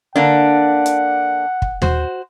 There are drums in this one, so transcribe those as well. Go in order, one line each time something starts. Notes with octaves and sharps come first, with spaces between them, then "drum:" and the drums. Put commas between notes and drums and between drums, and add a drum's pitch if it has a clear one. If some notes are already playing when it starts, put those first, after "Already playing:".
D3 A#3 D4 F#5
drum: hi-hat
drum: kick
F#4 C5, drum: tom D#2